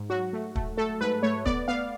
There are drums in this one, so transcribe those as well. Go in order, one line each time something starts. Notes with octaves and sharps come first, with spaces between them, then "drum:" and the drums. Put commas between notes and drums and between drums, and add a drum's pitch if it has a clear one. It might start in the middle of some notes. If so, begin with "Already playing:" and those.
Already playing: G#2
F#3 F#4
A3
A3, drum: kick
A3 A4
G#2 B4
A3 C#5
B3 D5, drum: kick
B3 F5